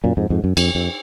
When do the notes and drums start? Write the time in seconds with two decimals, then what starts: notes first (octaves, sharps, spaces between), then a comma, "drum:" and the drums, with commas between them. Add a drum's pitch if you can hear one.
0.04 F#2 A#2
0.17 F2 G#2
0.30 F2 G#2
0.44 F#2
0.57 F2, drum: cymbal
0.75 F2